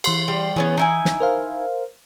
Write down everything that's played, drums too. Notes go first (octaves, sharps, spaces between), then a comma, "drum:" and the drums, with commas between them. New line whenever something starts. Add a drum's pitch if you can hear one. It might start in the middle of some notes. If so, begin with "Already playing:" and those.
E3 C6 C7, drum: cymbal
G3
E3 B3 C#4 G#4
D#4 E4 G#5
drum: snare
A#4 C5 F5